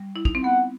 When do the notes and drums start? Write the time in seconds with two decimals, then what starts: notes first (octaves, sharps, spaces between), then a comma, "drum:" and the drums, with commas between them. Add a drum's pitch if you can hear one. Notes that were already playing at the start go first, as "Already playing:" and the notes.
Already playing: G3
0.16 E4
0.25 D#4, drum: kick
0.35 C4
0.44 B3 F#5